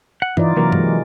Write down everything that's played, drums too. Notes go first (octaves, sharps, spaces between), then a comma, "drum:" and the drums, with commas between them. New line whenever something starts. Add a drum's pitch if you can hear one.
F#5
E3 D#4 F4 D5, drum: tom G2
C3 E3 F#3 A#3 A#4
G#3, drum: tom G2